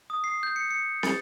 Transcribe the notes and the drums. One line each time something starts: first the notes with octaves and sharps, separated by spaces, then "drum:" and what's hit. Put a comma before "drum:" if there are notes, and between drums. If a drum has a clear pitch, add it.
D#6
C7
G6
C#7
C#7
A6, drum: snare